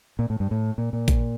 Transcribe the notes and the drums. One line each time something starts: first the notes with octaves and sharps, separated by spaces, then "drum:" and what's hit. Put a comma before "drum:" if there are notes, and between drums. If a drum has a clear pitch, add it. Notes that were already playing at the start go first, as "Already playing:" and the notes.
A#2
A2
G2
A2
A#2
A#2
drum: kick A1, hi-hat